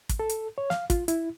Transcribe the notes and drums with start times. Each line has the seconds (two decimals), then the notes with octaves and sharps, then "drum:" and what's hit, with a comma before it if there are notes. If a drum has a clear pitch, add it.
0.09 drum: kick, hi-hat
0.19 A4
0.29 drum: hi-hat
0.58 C#5
0.70 F5, drum: snare
0.90 F4, drum: kick, hi-hat
1.08 E4, drum: hi-hat